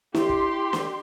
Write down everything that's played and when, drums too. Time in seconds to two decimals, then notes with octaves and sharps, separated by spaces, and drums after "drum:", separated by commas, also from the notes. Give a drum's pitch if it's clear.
0.15 E4 G4 C6, drum: snare
0.29 drum: kick
0.73 drum: snare